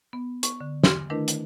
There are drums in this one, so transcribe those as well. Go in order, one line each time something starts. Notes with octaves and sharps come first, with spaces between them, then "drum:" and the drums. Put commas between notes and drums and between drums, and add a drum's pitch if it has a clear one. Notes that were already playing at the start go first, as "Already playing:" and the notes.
B3
C#6, drum: hi-hat
D3
G#5 C6 F6, drum: snare
D#3 A3 D4 E4 A#4 B4
drum: hi-hat